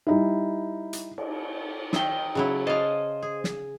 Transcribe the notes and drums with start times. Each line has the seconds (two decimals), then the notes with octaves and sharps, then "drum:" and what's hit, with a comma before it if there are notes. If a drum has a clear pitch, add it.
0.07 G3 D#4 E4
0.93 drum: hi-hat
1.18 drum: cymbal
1.93 D#4 E5 G5, drum: snare
2.35 C#3 F#3 E4
2.67 C5 D#5 F5 A5
3.22 G#4
3.44 drum: snare